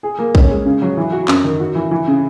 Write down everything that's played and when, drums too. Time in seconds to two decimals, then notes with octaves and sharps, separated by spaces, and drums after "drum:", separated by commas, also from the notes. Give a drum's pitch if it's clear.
0.03 G#4
0.19 A#3
0.35 C#4, drum: kick
0.51 G#3
0.66 C#3
0.82 F#3
0.97 E3
1.12 F#4
1.28 F#2, drum: clap
1.44 D#3
1.60 F#4
1.75 E3
1.91 E3
2.07 C#3